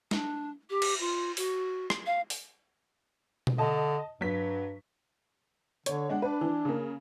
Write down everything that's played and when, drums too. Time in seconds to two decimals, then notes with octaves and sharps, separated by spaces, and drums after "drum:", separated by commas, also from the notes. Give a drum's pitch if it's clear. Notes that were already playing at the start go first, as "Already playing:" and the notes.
0.11 D4, drum: snare
0.70 G4
0.82 drum: cymbal
1.00 F4
1.37 F#4, drum: open hi-hat
1.90 drum: rim click
2.06 F5
2.30 drum: open hi-hat
3.47 drum: tom B2
3.58 D3 D#5 A5
4.21 G2 F#3 B6
5.86 D3 C#5, drum: hi-hat
6.09 G#3 D4 F#5
6.22 D4 B4
6.41 E3
6.65 C#3 A#3